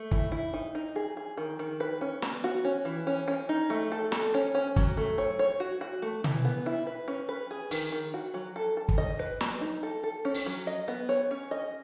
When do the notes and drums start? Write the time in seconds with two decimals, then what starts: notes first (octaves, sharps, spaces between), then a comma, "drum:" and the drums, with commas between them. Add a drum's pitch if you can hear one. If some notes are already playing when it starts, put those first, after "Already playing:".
Already playing: A3
0.11 E4, drum: kick
0.32 E4
0.54 D#4
0.75 D#4
0.96 G#4
1.17 G#4
1.38 D#3
1.59 D#3
1.80 B4
2.01 C#4
2.22 B3, drum: snare
2.44 F#4
2.65 C#4
2.85 E3
3.07 C#4
3.28 C#4
3.49 D#4
3.70 A3
3.92 A4
4.12 A4, drum: snare
4.34 C#4
4.55 C#4
4.76 F#3, drum: kick
4.97 A3
5.18 C#5
5.39 C#5
5.60 F#4
5.81 F#4
6.02 A3
6.24 E3, drum: tom B2
6.45 B3
6.66 E4
6.87 B4
7.08 C#4
7.29 B4
7.51 G#4
7.71 D#3, drum: open hi-hat
7.92 D#3
8.14 F#4
8.34 F#3
8.56 A4
8.77 A4
8.89 drum: kick
8.98 D#5
9.19 B4
9.41 F#3, drum: snare
9.61 D#4
9.83 A4
10.04 A4
10.25 C#4
10.34 drum: open hi-hat
10.46 F#3
10.67 D#5
10.88 B3
11.09 C#5
11.31 C#4
11.51 D#5